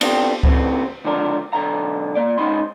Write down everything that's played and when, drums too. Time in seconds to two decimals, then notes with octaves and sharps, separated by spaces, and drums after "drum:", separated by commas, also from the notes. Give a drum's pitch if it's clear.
0.01 B3 C4 D4 F4 G4 A4, drum: cymbal
0.43 C#3 E3 A3 B3 C4, drum: kick C#2
1.04 C#2 D3 F3 D4 F#4 A#4
1.53 B1 D3 A#5
2.15 A#2 C#3 A#3 D5
2.38 G#2 C#4 D#4 D#5 B5 C6